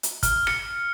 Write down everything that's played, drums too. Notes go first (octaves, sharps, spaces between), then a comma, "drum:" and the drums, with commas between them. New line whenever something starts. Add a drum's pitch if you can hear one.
drum: hi-hat
F6, drum: kick, hi-hat
C#7, drum: rim click